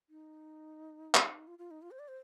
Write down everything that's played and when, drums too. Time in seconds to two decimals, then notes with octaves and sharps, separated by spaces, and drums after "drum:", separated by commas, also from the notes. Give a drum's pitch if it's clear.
0.10 D#4
1.15 drum: clap
1.47 F4
1.59 F4
1.71 D#4
1.82 F4
1.91 C5
1.99 D5
2.08 C5